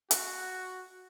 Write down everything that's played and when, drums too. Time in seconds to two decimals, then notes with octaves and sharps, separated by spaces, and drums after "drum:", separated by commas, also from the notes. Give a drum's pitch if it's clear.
0.11 F#4, drum: hi-hat